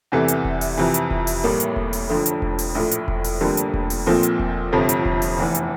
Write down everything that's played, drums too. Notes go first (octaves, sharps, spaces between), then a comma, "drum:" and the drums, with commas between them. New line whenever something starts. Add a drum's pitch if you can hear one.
E2 C3 E3 A3
drum: hi-hat
drum: kick E1
drum: open hi-hat
F2 C3 E3
drum: hi-hat
drum: kick E1
drum: open hi-hat
A1 A2 G3 A#3
drum: hi-hat
drum: kick E1
drum: open hi-hat
F1 F2 D3 F3 A3
drum: hi-hat
drum: kick E1
drum: open hi-hat
A#1 A2 F3 A3
drum: hi-hat
drum: kick E1
drum: open hi-hat
F1 F2 D3 G3 A#3
drum: hi-hat
drum: kick E1
drum: open hi-hat
A#1 A#2 F3 A3 C4
drum: hi-hat
drum: kick E1
G1 F2 C3 F3 A3
drum: hi-hat
drum: kick E1
drum: open hi-hat
F1 E2 E3
drum: hi-hat